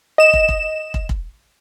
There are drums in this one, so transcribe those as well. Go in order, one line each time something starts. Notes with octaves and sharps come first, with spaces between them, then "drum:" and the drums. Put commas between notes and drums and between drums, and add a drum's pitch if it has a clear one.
D#5 E7
drum: kick
drum: kick
drum: kick
drum: kick